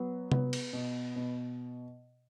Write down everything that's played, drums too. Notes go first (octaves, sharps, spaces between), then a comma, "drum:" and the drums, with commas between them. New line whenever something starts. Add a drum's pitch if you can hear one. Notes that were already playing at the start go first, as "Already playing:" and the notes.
Already playing: F#3 B3
B3, drum: tom C3
drum: cymbal
B2
B2